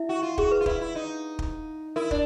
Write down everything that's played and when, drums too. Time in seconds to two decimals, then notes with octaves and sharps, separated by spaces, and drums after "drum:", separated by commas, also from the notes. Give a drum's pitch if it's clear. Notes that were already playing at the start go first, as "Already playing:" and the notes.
Already playing: E4 E5
0.09 F#4
0.23 F4
0.38 F#4 G#4, drum: kick
0.52 B4
0.61 F4
0.66 E4 B4, drum: kick
0.81 E4
0.95 D#4
1.39 drum: kick
1.96 E4 A#4
2.11 D4, drum: kick